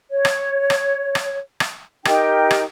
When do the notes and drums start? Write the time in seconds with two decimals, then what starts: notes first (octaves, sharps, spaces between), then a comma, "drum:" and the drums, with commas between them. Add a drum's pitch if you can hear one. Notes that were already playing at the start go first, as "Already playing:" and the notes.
0.10 C#5
0.25 drum: rim click
0.70 drum: rim click
1.15 drum: rim click
1.60 drum: rim click
2.05 D#4 G4 A#4 G5, drum: rim click
2.51 drum: rim click